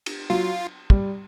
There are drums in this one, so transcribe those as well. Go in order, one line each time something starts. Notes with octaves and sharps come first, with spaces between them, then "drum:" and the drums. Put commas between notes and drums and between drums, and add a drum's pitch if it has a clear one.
drum: cymbal
F#3 F4
G3, drum: kick